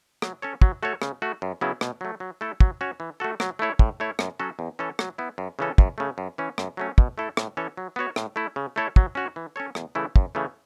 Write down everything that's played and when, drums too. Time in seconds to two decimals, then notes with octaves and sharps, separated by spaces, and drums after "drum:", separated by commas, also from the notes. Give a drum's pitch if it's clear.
0.22 F#3, drum: rim click
0.42 C#4 A4 C#5
0.62 F#3, drum: kick
0.83 A3 F#4 A4 C#5
1.02 C#3, drum: rim click
1.22 A3 F#4
1.42 F#2
1.61 C#3 F#3 B3 E4
1.81 B2, drum: rim click
2.01 F#3 A3
2.20 F#3
2.41 A3 E4 A4
2.60 F#3, drum: kick
2.81 C#4 F#4 C#5
3.00 E3
3.20 A3 F#4 A4
3.40 F#3, drum: rim click
3.59 A3 E4 C#5
3.79 A2, drum: kick
4.00 A3 E4 C#5
4.19 F#2, drum: rim click
4.39 F#3 C#4 F#4 A4
4.59 E2
4.79 E3 C#4 A4 C#5
4.99 F#3, drum: rim click
5.18 B3 E4
5.38 F#2
5.59 C#3 E3 C#4 A4
5.78 F#2, drum: kick
5.98 C#3 A3
6.18 F#2
6.38 E3 C#4
6.58 F#2, drum: rim click
6.77 F#3 A3 C#4
6.98 B2, drum: kick
7.18 A3 E4 A4
7.37 A2, drum: rim click
7.57 E3 C#4 A4 C#5
7.77 F#3
7.96 B3 F#4 C#5
8.16 A2, drum: rim click
8.36 A3 E4
8.56 C#3
8.76 A3 E4 A4 C#5
8.96 F#3, drum: kick
9.15 C#4 F#4 C#5
9.36 E3
9.56 C#4 A4 C#5
9.75 E2, drum: rim click
9.95 C#3 E3 A3 E4
10.16 F#2, drum: kick
10.35 C#3 E3 A3